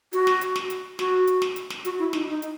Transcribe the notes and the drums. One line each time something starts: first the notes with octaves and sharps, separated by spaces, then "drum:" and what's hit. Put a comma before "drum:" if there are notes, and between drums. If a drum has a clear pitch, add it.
F#4, drum: hi-hat
drum: snare
drum: hi-hat
drum: snare
drum: hi-hat
F#4, drum: snare
drum: hi-hat
drum: snare
drum: hi-hat
drum: snare
F#4, drum: hi-hat
E4
D#4, drum: snare
D#4
drum: hi-hat